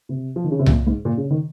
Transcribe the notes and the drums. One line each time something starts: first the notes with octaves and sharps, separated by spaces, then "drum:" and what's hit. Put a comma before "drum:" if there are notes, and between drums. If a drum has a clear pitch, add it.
C3
F3
D#3
C#3
C3
A#2, drum: tom C2
G#2
A#2
C#3
D#3